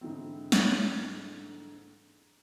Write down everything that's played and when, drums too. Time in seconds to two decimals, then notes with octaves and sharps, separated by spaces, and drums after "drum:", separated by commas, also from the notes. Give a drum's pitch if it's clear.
0.01 G#2 D3 E3 C4
0.52 drum: snare